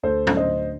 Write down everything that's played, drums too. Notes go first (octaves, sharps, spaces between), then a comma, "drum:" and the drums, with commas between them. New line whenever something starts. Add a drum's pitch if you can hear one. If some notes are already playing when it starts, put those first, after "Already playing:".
D2 A4 C5
drum: tom
D3 C5 D#5